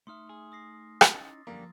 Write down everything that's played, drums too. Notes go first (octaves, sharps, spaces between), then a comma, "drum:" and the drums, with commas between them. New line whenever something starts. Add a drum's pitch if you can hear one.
A3 D#4 E5 C6 D#6 F6
G#4
D#6 A#6 C7
drum: rim click
C#4 D#4 E4 D6 E6 A6
F#2 D3 F3 G3 A#3